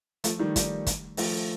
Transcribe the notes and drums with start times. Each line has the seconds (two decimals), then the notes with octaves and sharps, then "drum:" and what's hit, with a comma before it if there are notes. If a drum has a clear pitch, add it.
0.24 F3 A3, drum: hi-hat
0.40 D#3 G3
0.56 D#3 G3, drum: kick, hi-hat
0.86 drum: kick, hi-hat
1.17 F3 A3, drum: open hi-hat